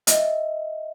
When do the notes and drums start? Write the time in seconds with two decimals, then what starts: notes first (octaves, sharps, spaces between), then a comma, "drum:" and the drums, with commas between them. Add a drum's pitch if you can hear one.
0.07 D#5 E5, drum: hi-hat